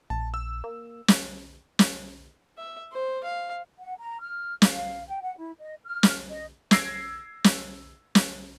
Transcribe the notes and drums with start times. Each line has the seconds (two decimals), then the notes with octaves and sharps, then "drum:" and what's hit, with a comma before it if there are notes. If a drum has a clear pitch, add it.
0.10 A#1 A5
0.34 E6
0.64 A#3
1.08 drum: snare
1.79 drum: snare
2.58 E5
2.92 C5
3.24 F5
3.79 F#5
3.98 A#5
4.21 F6
4.62 F5, drum: snare
5.08 G5
5.22 F#5
5.37 E4
5.60 D#5
5.85 F6
6.03 drum: snare
6.29 D#5
6.71 E6 G#6 A#6 C7 D7, drum: snare
7.44 drum: snare
8.15 drum: snare